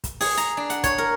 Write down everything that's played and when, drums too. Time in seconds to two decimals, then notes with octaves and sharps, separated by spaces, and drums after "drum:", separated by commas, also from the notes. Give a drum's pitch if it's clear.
0.04 drum: kick, hi-hat
0.21 G#4, drum: open hi-hat
0.37 A#5, drum: hi-hat
0.57 D4
0.70 F#5, drum: hi-hat
0.84 C#5, drum: kick, hi-hat
0.98 A#4